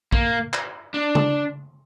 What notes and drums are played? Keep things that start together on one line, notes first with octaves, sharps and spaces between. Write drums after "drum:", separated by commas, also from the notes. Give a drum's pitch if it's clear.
A#3, drum: kick
drum: clap
D4
drum: tom C#3